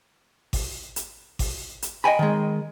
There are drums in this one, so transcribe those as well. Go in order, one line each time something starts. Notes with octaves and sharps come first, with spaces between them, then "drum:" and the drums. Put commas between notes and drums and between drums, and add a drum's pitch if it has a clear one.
drum: kick G#1, open hi-hat
drum: hi-hat
drum: kick G#1, open hi-hat
drum: hi-hat
D#5 G5 G#5 B5
D#3 G#3